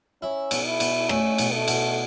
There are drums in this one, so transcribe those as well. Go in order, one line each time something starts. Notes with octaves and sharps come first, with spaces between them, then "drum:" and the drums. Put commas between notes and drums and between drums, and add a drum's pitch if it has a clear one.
C#4 E4
B2, drum: cymbal
E4
B2, drum: cymbal
A3 C#4, drum: rim click
B2, drum: cymbal
A3
B2, drum: cymbal